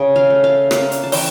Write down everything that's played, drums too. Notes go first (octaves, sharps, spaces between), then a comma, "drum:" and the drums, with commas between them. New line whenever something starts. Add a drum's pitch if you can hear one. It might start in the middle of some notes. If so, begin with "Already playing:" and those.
Already playing: C#3
F5
A3
F5
A#3 F5, drum: rim click
drum: hi-hat
A5
E3 G5, drum: open hi-hat